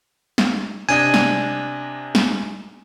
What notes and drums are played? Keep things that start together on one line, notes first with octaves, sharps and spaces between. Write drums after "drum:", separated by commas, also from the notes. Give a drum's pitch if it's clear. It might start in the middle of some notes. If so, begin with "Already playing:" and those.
drum: snare
C3 D4 D#5 G#5
drum: snare
drum: snare